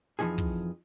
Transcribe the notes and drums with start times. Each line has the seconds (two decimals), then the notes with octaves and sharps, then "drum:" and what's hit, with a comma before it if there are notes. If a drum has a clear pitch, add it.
0.19 F2 E3 F3 D#4 G#4, drum: hi-hat
0.38 drum: kick